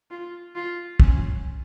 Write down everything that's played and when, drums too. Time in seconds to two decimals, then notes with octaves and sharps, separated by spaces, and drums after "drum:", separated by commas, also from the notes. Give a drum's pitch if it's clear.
0.11 F4
0.55 F4
1.00 C#4, drum: kick